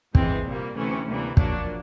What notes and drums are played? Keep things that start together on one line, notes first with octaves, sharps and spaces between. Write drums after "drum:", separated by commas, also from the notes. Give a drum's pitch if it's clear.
G2 E3 G#3 C4, drum: kick
C2 A#2 G3 A#3
D2 C3 E3 A3 C#4
D2 C3 E3 G3 A#3
A#1 A#2 F#3 A#3 D4, drum: kick